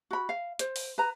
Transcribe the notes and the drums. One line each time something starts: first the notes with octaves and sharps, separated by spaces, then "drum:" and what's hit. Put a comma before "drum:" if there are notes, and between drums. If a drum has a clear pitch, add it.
F#4 B5
F5
C5, drum: hi-hat
drum: open hi-hat
B4 A#5